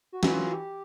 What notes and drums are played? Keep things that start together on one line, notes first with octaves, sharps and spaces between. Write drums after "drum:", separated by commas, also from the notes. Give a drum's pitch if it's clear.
F#4
E3 F#3 F#4, drum: snare
F4
G4